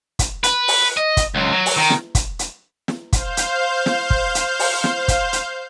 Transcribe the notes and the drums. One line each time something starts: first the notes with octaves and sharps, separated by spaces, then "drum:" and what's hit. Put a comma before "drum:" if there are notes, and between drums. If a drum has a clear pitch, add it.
drum: kick, hi-hat
B4, drum: hi-hat
drum: open hi-hat
D#5
drum: kick, hi-hat
C#2 F#3
F#3
drum: open hi-hat
D#3
drum: snare
drum: kick, hi-hat
drum: hi-hat
drum: snare
C5 F5 G6, drum: kick, hi-hat
drum: hi-hat
drum: snare
drum: kick
drum: hi-hat
drum: open hi-hat
drum: snare
drum: kick, hi-hat
drum: hi-hat